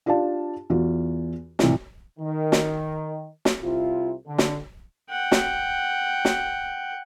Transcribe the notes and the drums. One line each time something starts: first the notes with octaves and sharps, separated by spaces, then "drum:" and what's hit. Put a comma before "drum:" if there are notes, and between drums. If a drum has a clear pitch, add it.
D4 F4 G4 D5 F5 A5
E2 F4 F#4
C2 A2 E3 F3, drum: snare
D#3
drum: snare
drum: snare
C2 C3 E4 F4
D3
drum: snare
F#5 G5
drum: snare
drum: snare